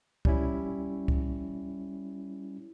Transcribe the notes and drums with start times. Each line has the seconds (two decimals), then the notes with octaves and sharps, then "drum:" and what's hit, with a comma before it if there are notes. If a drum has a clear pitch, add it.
0.25 G3 C#4 E4, drum: kick C#2
1.08 drum: kick C#2